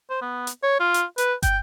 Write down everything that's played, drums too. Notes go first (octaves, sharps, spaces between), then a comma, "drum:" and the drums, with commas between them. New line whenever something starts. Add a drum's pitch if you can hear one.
C5
B3
drum: hi-hat
C#5
F4
drum: hi-hat
B4, drum: hi-hat
G5, drum: kick, hi-hat